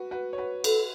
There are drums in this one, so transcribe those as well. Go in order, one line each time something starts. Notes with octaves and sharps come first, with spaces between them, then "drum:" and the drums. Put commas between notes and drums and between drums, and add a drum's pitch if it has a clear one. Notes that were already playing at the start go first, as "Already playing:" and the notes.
Already playing: F#4 B4
F#4 B4
C#5
F#4 B4
F#4 A4 B4, drum: cymbal